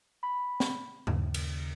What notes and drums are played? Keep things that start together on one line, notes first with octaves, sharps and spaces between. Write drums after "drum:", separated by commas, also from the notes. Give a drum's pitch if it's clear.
B5
drum: snare
D#2 C#3, drum: tom G2
drum: cymbal